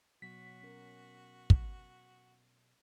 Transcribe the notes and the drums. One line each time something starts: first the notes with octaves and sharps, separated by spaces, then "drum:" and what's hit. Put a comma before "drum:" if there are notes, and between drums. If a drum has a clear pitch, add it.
B2 F#3 F#4 B6
C#4 A#4
drum: kick